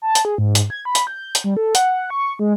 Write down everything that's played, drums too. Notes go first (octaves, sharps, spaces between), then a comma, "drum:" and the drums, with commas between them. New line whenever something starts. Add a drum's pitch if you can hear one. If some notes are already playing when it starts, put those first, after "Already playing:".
A5
drum: hi-hat
G#4
G#2
drum: hi-hat
G#6
B5
drum: hi-hat
G6
drum: hi-hat
G3
A4
F#5, drum: hi-hat
C#6
G#3